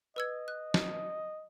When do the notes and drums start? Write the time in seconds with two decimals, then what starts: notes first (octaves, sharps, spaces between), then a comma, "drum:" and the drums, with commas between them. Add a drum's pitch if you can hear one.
0.16 B4 D#5 E6 G#6
0.48 F#6
0.74 drum: snare